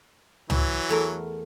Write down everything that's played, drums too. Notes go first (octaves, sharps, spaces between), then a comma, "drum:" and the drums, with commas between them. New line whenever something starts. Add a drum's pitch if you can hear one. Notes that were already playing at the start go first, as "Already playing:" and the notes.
E3 F#3, drum: tom
E2 A3 A#4